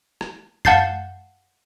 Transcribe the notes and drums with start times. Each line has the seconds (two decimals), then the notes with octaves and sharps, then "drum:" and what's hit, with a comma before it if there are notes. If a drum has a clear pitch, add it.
0.21 drum: rim click
0.65 F5 F#5 A5 G6 A6 C7, drum: tom F#2